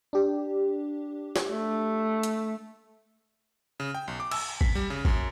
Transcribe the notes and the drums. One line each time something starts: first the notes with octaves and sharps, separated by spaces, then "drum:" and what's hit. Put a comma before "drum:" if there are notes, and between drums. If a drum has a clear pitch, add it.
D4 G4
drum: snare
A3
drum: hi-hat
C#3
G5
B1
D6
E6, drum: cymbal
B6, drum: kick G#1
G3
C#3
F#2, drum: kick G#1